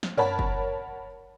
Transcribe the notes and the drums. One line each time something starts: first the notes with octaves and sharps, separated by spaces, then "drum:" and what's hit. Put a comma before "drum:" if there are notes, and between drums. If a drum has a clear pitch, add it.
drum: snare
A#4 C#5 F#5 A5 B5, drum: tom F#2
drum: kick F#1